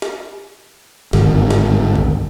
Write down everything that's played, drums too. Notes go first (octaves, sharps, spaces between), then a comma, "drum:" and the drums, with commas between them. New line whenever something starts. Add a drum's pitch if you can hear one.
drum: snare
G1 G#2 D#3, drum: snare
drum: snare
drum: kick A1